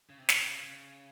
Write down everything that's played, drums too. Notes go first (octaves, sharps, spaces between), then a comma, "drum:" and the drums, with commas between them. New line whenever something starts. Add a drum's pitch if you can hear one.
C#3
C3
C#3, drum: snare
C3
C#3
C#3